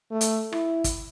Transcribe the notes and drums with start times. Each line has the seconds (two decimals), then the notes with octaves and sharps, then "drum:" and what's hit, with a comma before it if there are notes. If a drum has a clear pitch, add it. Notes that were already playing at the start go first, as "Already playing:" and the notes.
0.11 A3
0.21 drum: hi-hat
0.52 E4, drum: rim click
0.84 drum: kick, hi-hat